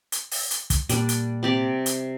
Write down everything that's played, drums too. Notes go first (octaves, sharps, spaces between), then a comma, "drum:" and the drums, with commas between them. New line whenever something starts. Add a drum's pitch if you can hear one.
drum: hi-hat
drum: open hi-hat
drum: hi-hat
drum: kick, hi-hat
A#2 G3 D4, drum: hi-hat
drum: hi-hat
C3 G4 D5
drum: hi-hat